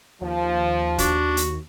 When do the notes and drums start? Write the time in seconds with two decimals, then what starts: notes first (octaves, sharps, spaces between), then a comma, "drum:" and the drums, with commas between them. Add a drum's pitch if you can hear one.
0.22 D#2 F3
0.98 D4 F#4, drum: kick, hi-hat
1.37 drum: hi-hat